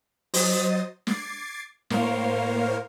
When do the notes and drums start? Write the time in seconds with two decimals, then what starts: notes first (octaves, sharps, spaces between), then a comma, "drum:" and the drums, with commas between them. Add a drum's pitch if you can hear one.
0.34 F#3 C5 D#5 D#6 A6, drum: open hi-hat
1.07 D6 G#6 A6 C7, drum: snare
1.90 A2 A#3 A#4 C5 C#5 F5, drum: snare